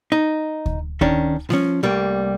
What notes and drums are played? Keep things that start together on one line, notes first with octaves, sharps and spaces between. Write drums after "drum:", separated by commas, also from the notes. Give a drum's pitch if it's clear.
D#4
drum: kick D2
D#3 C#4 D4, drum: kick D2
F3 C#4, drum: snare G3
C2 G3 A3 A#3